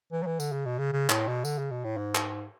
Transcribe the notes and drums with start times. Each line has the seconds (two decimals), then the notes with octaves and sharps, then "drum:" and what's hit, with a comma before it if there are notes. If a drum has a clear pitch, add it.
0.13 E3
0.23 F#3
0.27 E3
0.40 D3, drum: tambourine
0.52 C#3
0.66 B2
0.79 C#3
0.93 C#3
1.10 A2, drum: clap
1.27 B2
1.45 D3, drum: tambourine
1.58 C#3
1.71 B2
1.85 A2
1.98 G#2
2.15 drum: clap